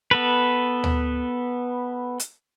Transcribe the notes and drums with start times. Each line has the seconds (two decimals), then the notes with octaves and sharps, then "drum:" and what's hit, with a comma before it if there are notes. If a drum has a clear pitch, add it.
0.11 B3 A4 B4
0.84 drum: tom D2
2.20 drum: hi-hat